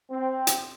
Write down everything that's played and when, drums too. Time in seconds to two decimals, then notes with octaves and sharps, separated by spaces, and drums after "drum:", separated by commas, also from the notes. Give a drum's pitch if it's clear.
0.11 C4
0.47 drum: hi-hat